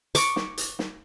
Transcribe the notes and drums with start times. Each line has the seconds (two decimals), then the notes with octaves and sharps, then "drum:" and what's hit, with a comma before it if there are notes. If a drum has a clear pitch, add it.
0.15 C#6 D6, drum: hi-hat
0.36 drum: snare
0.58 drum: hi-hat
0.79 drum: snare